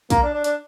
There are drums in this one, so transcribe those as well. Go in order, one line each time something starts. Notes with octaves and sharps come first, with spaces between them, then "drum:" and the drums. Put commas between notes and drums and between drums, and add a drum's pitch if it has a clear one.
A#3, drum: kick, hi-hat
D4
D4
D4, drum: hi-hat